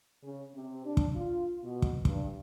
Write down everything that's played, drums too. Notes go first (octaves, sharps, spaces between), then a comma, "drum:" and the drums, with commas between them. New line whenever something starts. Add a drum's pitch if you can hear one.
C#3
C3
D4
drum: kick
F4
B2
drum: kick
G2, drum: kick